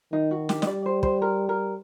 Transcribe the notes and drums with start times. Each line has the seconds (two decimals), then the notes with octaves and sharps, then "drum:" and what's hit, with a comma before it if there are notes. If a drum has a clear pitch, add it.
0.12 D#3 D#4
0.31 F#4
0.49 G4, drum: snare
0.62 D#5, drum: snare
0.67 G3 D5
0.86 C5
1.03 C5, drum: kick
1.22 A#4
1.49 A#4